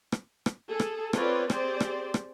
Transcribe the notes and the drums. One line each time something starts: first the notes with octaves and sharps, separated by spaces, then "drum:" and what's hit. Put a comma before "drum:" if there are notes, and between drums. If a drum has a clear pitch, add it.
drum: rim click
drum: rim click
G#4 A4
drum: rim click
C4 F4 B4 C#5 D5, drum: rim click
C4 G4 G#4 C5 D5, drum: rim click
drum: rim click
drum: rim click